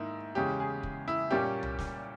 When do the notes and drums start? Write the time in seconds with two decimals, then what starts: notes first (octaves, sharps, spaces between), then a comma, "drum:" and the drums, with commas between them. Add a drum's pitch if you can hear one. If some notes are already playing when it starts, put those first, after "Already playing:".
Already playing: G#2 D#3 A#3 E4
0.35 E2 C#3 G#3 C#4 G4
0.60 G#4
0.83 drum: kick
1.08 E4
1.31 A#2 G3 A#3 C#4 G4
1.63 drum: tom C2
1.79 drum: snare